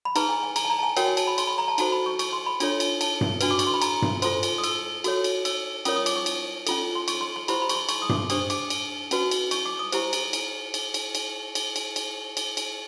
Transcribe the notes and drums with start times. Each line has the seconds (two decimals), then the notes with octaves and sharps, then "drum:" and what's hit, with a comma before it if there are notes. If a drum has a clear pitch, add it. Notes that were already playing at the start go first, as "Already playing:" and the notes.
0.05 B5
0.16 D#4 G#4 B4 A#5, drum: cymbal
0.29 G#5
0.43 G#5
0.56 A#5, drum: cymbal
0.65 A5
0.70 A#5
0.79 A5
0.83 G#5
0.97 F#4 A#4 C#5 G5, drum: cymbal
1.07 G#5
1.17 A5, drum: cymbal
1.27 B5
1.38 C6, drum: cymbal
1.47 B5
1.58 A#5
1.68 A5
1.78 D#4 F#4 A4 C5 A5, drum: cymbal
1.92 B5
2.06 C#6
2.19 C#6, drum: cymbal
2.33 C6
2.46 B5
2.60 D4 F4 A4 C#5, drum: cymbal
2.80 drum: cymbal
3.01 A5, drum: cymbal
3.21 drum: tom G2
3.41 D4 F#4 B4, drum: cymbal
3.51 D6
3.59 C#6, drum: cymbal
3.67 C6
3.74 B5
3.82 A#5, drum: cymbal
4.02 drum: tom G2
4.22 F4 A4 C5 C6, drum: cymbal
4.43 drum: cymbal
4.58 D#6
4.64 E6, drum: cymbal
5.04 F#4 A4 C#5, drum: cymbal
5.24 drum: cymbal
5.45 E6, drum: cymbal
5.85 C#4 F4 A#4 C#5 D#6, drum: cymbal
5.96 D#6
6.06 D6, drum: cymbal
6.16 C#6
6.26 drum: cymbal
6.67 C#4 F4 A4, drum: cymbal
6.95 C6
7.08 C#6, drum: cymbal
7.21 C6
7.36 C6
7.48 E4 G4 C5 B5, drum: cymbal
7.62 B5
7.69 C#6, drum: cymbal
7.75 C6
7.89 C#6, drum: cymbal
8.02 D#6
8.09 D6, drum: tom G2
8.30 D4 G4 C5 D#6, drum: cymbal
8.50 D6, drum: cymbal
8.70 drum: cymbal
9.11 C#4 F#4 B4, drum: cymbal
9.31 drum: cymbal
9.51 C#6, drum: cymbal
9.65 D6
9.79 D#6
9.92 E4 G4 C5, drum: cymbal
10.13 drum: cymbal
10.33 drum: cymbal
10.74 drum: cymbal
10.94 drum: cymbal
11.15 drum: cymbal
11.55 drum: cymbal
11.76 drum: cymbal
11.96 drum: cymbal
12.37 drum: cymbal
12.57 drum: cymbal